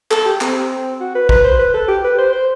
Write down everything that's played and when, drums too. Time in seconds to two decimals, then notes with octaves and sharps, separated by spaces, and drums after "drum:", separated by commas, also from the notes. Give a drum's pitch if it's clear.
0.11 A4, drum: clap
0.26 G4
0.41 C4, drum: clap
1.01 F#4
1.15 B4
1.29 B4, drum: kick
1.44 C5
1.59 B4
1.74 A4
1.88 G4
2.04 B4
2.19 C5
2.33 C5